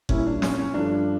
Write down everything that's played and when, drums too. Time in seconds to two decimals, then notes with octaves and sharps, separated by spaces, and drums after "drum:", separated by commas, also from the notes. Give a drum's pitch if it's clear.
0.09 A#2 G3 A#3 C#4 E4, drum: kick F#1
0.26 D4
0.42 C#4, drum: snare
0.58 C#4
0.74 G2 F3 A3 D4